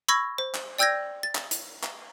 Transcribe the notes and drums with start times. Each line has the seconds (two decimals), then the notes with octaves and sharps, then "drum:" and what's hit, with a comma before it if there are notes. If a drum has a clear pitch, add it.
0.08 B5 C#6 E6 G#6 A#6
0.38 C5
0.55 drum: clap
0.78 D5 G5 E6 G6 G#6 A#6
1.23 A6
1.35 drum: clap
1.51 drum: hi-hat
1.83 drum: clap